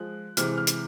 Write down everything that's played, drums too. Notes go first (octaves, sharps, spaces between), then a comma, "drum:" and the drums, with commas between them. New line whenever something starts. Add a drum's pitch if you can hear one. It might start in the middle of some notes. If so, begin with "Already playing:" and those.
Already playing: F3 G#3 F#6
C3 E3 G#3 F6, drum: hi-hat
F6
drum: hi-hat